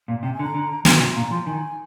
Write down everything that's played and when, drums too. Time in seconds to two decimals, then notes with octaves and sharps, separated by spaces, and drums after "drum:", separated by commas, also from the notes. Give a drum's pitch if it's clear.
0.08 A#2
0.23 C3 G5
0.34 G#5
0.39 D3
0.43 A#5
0.54 D3
0.85 D3 C6, drum: snare
1.00 C3
1.15 A#2 A#5
1.31 F3 C6
1.46 D#3 G#5